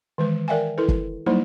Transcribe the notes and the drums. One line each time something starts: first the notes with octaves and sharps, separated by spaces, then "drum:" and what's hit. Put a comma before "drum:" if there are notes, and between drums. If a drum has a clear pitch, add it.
D#3 E3 G#3 B4
A#4 D5 E5 F5 G5 G#5
E4 A4 B4
drum: kick
F#3 G3 A#3 D#4 E4 C5